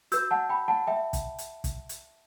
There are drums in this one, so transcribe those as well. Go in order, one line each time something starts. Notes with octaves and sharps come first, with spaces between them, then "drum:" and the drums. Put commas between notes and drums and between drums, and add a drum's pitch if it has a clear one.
F#4 B4 E6 G6, drum: hi-hat
F#5 A5
G5 B5
F#5 A5
E5 G5
drum: kick, hi-hat
drum: hi-hat
drum: kick, hi-hat
drum: hi-hat